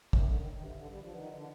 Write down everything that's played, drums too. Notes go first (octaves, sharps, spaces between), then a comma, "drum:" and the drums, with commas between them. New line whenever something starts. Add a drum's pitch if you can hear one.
D#3 C#5 E5 G#5, drum: kick
D3
D#3
D#3
D3 D4 G4 B4 E5
C#3
D3
G3
F3
D#3 B4 D5 F#5
D3